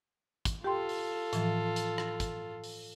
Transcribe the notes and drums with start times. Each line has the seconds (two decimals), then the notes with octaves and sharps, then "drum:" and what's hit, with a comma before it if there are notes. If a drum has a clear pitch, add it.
0.45 drum: kick, hi-hat
0.64 F4 G4 A4 G5 C6
0.89 drum: open hi-hat
1.33 A2 E3 F3, drum: hi-hat
1.76 drum: hi-hat
1.98 drum: rim click
2.20 drum: kick, hi-hat
2.64 drum: open hi-hat